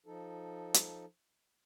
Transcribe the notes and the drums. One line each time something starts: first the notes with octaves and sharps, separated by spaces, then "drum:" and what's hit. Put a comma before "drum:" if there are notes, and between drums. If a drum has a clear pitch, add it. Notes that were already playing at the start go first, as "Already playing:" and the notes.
F3 D#4 A4
drum: hi-hat